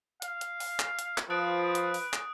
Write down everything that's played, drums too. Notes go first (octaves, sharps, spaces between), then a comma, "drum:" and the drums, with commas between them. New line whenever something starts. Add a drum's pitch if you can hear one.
F5, drum: hi-hat
drum: hi-hat
drum: open hi-hat
drum: clap
drum: hi-hat
drum: clap
F3 B4 D#6 F#6 D7
drum: hi-hat
drum: open hi-hat
drum: clap